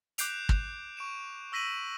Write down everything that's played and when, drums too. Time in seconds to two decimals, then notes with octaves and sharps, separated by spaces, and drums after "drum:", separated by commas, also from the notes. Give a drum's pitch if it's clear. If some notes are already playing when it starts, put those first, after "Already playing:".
0.18 D6 F#6 G6 C7 D7 F7, drum: hi-hat
0.49 drum: kick
0.97 C#6 D7 E7
1.52 C#6 E6 A#6 B6 D#7 F#7